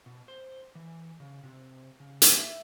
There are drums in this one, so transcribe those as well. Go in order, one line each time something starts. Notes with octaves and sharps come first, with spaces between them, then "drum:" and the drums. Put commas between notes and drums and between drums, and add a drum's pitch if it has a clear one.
B2
C5
E3
C#3
C3
C#3
drum: hi-hat
E5